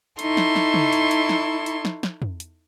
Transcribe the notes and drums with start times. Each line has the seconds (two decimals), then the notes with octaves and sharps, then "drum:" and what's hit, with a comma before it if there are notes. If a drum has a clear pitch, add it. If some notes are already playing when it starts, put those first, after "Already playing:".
0.19 D#4 E4 A4 C6 C#6, drum: hi-hat
0.37 drum: snare
0.56 drum: snare
0.74 drum: tom
0.93 drum: hi-hat
1.11 drum: hi-hat
1.29 drum: snare
1.66 drum: hi-hat
1.85 drum: snare
2.03 drum: snare
2.22 drum: tom
2.40 drum: hi-hat